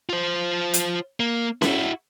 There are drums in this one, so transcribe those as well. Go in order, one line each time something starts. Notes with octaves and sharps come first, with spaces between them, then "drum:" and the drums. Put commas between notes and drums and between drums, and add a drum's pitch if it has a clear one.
F4 C5
drum: hi-hat
A#3
E4 F#4, drum: snare C#4